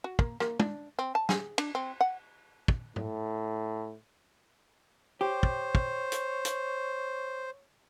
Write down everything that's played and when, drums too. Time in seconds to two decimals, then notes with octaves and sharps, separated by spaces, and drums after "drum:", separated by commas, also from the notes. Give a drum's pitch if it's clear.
0.04 F#4
0.19 A#3, drum: kick
0.40 A#3, drum: rim click
0.60 D4, drum: tom
0.99 C4
1.15 A5
1.29 G#4, drum: snare
1.58 D4, drum: cymbal
1.75 C4
2.01 F#5
2.68 drum: kick
2.96 A2, drum: tom G#2
5.21 G4 C5 C#5
5.43 drum: kick
5.75 drum: kick
6.12 drum: hi-hat
6.45 drum: hi-hat